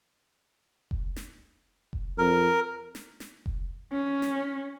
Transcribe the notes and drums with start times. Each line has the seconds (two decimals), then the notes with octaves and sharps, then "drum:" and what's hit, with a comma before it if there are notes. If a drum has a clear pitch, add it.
0.91 drum: kick F1
1.16 drum: snare
1.93 drum: kick F1
2.18 F2 A#4
2.95 drum: snare
3.20 drum: snare
3.46 drum: kick F1
3.92 C#4
4.22 drum: snare